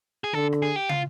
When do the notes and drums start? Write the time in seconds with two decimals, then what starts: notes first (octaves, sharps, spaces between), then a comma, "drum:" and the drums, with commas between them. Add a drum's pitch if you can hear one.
0.24 G#4
0.34 D3 A4
0.53 drum: rim click
0.62 G#4
0.76 G4
0.89 F4, drum: tom